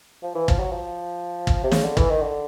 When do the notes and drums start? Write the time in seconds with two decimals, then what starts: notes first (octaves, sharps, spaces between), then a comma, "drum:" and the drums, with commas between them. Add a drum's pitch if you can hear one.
0.23 F3
0.35 E3
0.48 F3, drum: kick
0.60 F#3
0.72 F3
1.47 drum: kick
1.64 C3
1.72 C#3, drum: snare
1.84 D3
1.97 E3, drum: kick
2.10 D#3
2.22 D3